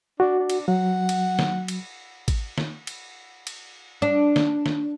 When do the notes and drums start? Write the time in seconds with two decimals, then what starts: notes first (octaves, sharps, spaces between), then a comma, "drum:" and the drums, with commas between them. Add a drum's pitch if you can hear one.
0.20 D4 F#4
0.39 D4
0.50 drum: cymbal
0.68 F#3 F#5
1.09 drum: cymbal
1.39 drum: snare
1.68 drum: cymbal
2.28 drum: kick, cymbal
2.58 drum: snare
2.87 drum: cymbal
3.47 drum: cymbal
4.02 D4
4.36 drum: snare
4.66 drum: snare